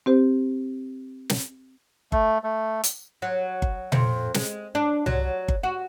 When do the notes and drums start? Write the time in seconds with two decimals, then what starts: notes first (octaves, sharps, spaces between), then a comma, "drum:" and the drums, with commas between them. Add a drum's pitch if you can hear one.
0.06 C4 G4 C5
1.29 drum: snare
2.12 A3, drum: kick G1
2.44 A3
2.84 drum: hi-hat
3.22 F#3
3.62 drum: kick G1
3.92 F2, drum: tom A#2
4.34 G#3, drum: snare
4.75 D4
5.06 F#3, drum: tom C2
5.48 drum: kick G1
5.63 F#4